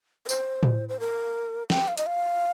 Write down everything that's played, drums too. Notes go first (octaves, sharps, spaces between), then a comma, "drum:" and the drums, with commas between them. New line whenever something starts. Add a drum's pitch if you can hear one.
A#4
C5, drum: tambourine
drum: tom A2
C5
A#4
G5, drum: snare
F5
D#5, drum: hi-hat
F5